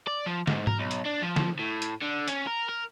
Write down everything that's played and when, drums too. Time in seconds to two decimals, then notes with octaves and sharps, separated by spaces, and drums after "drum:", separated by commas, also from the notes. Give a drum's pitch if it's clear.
0.07 D5
0.26 F3
0.47 G#2, drum: snare
0.67 A#4, drum: tom G#2
0.79 B1
0.91 drum: hi-hat
1.05 D4
1.22 F3
1.36 drum: snare
1.59 A2
1.82 drum: hi-hat
2.02 D3
2.28 C#4, drum: hi-hat
2.47 A#4
2.69 A#4